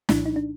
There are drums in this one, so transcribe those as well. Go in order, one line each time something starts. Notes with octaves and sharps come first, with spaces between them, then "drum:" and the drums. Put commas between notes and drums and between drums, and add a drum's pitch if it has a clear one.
C2 A#2 F3 D4 E4, drum: snare
D#4
D4